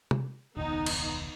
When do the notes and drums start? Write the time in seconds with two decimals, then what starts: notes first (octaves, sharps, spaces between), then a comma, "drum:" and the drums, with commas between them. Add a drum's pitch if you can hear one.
0.11 drum: tom C3
0.57 E1 C#2 D#3 B3 D#4
0.86 drum: cymbal